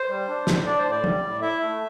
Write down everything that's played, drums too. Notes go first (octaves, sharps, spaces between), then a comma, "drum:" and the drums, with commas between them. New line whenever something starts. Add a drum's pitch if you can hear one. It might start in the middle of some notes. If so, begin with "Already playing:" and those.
Already playing: C5
G3
D4
A2, drum: snare
D4 D5
C5
A2
D5
G3, drum: tom
A2
E4 E5
A3